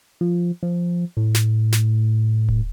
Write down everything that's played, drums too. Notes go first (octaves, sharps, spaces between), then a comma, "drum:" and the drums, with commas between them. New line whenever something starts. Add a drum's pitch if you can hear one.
F3
F3
A2
drum: snare
drum: snare
drum: kick D#1